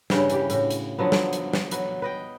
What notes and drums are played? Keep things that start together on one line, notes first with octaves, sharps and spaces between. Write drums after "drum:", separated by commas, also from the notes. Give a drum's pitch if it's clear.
G2 C#3 B4 G5, drum: snare
E3 G4, drum: hi-hat
A2 F#4, drum: hi-hat
drum: hi-hat
D3 F3 F#3 B3
drum: snare
drum: hi-hat
drum: snare
F#3 B4, drum: hi-hat
B4 D#5 G5